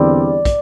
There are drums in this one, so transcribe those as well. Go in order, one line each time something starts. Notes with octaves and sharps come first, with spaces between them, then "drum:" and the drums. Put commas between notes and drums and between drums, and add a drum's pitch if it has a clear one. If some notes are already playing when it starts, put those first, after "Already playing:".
Already playing: E2 D3 G3 C4 D5
drum: kick, hi-hat